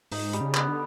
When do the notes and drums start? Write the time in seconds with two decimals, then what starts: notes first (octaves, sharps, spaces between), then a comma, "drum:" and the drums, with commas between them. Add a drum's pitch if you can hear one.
0.12 G#2 D#4, drum: open hi-hat
0.33 G3, drum: hi-hat
0.41 C#3
0.54 B3, drum: clap
0.68 D3